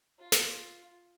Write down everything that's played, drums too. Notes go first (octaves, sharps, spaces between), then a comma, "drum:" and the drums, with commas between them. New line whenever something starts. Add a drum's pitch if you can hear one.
F4
drum: snare